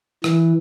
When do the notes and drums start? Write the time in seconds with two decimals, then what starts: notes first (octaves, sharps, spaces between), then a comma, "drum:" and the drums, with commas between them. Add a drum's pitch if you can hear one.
0.24 E3, drum: rim click